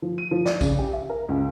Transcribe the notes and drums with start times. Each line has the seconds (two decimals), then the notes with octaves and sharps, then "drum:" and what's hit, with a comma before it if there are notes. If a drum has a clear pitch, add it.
0.02 F3
0.18 D#7
0.31 F3
0.45 D5, drum: snare
0.61 C#3, drum: kick, tambourine
0.79 G4
0.93 E5
1.10 A#4
1.29 C#2